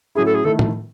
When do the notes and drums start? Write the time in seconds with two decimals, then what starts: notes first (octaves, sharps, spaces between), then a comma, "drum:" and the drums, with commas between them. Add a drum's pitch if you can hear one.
0.15 A2 F#3 C#4 E4 G#4
0.26 A4
0.35 G#4
0.45 D#3 A3 E4 A4
0.59 drum: tom A2